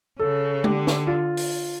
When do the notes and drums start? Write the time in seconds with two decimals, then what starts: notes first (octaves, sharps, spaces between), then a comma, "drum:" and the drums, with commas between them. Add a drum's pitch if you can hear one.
0.20 C#3 A4
0.64 D3 G4, drum: tom G#3
0.87 drum: snare
1.07 F4
1.37 drum: open hi-hat